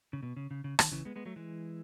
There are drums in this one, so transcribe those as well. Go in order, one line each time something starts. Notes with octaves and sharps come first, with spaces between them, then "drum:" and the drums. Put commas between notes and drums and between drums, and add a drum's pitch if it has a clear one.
C#3
B2
C#3
C#3
C#3
D#3, drum: rim click
C#3 E3
G#3 B3
G#3 B3
F#3 A3
E3 G#3